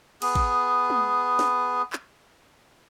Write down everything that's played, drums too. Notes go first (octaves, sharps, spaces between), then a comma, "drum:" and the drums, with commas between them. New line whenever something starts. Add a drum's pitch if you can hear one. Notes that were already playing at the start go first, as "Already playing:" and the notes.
B3 G#4, drum: cymbal
drum: kick
drum: tom
drum: snare
drum: clap